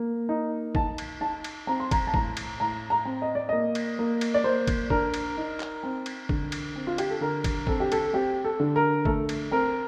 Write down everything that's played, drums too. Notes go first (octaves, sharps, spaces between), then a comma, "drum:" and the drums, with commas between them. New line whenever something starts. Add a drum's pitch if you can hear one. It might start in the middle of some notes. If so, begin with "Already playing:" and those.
Already playing: A#3
D#4
D#4 A5, drum: kick
drum: cymbal
D#4 A5
drum: cymbal
C4 A#5
C6
A#5, drum: kick, cymbal
A5
A2 A#5, drum: kick
drum: cymbal
A2 A#5
A#5
C4
D#5
D5
A#3 D#5
drum: cymbal
A#3
drum: cymbal
D5
A#3 C5
drum: kick, cymbal
D4 A#4, drum: kick
drum: cymbal
D#4
drum: clap
C4
drum: cymbal
D3, drum: kick
drum: cymbal
C4
F4
G4, drum: cymbal
A4
D3 A#4
drum: kick, cymbal
C4 A4, drum: kick
G4
A4, drum: cymbal
C4 G4
A4
D3
A#4
A3 A4, drum: kick
drum: cymbal
C4 A#4